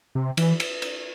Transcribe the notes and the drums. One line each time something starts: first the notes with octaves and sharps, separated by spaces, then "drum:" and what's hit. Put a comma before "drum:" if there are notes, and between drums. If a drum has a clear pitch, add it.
C3
E3, drum: cymbal
drum: cymbal
drum: cymbal